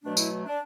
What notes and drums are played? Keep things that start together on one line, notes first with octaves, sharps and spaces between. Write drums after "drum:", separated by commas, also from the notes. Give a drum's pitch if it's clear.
B2 F#3 A3 D4
E4, drum: tambourine
D4